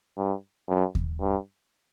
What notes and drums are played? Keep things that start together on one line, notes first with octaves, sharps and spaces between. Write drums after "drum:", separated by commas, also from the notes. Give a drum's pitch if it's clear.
G2
F#2
drum: kick D#2
G2